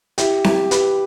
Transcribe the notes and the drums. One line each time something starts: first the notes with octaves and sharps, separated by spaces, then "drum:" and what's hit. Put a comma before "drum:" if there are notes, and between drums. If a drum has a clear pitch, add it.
E4 G4, drum: hi-hat
E4 G4, drum: snare C4
G4 B4, drum: hi-hat